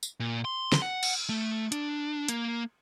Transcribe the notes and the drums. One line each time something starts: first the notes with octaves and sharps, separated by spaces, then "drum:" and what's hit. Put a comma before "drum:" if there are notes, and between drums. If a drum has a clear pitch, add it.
drum: tambourine
A#2
C6
drum: snare
F#5
drum: cymbal
A3
D4, drum: hi-hat
A#3, drum: hi-hat